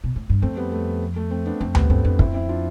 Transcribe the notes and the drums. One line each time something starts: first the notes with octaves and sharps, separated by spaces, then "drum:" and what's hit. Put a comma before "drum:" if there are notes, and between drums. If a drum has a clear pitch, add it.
B2
A2
G2
F2 A3 C4
G3 B3
A3
A3
A3 C4
B3 D4
F2 A3 C4
A2 G3 B3, drum: tom D2
G2 A3 C4
F2 B3 D4
C4 E4, drum: kick
C4 E4
D4 F4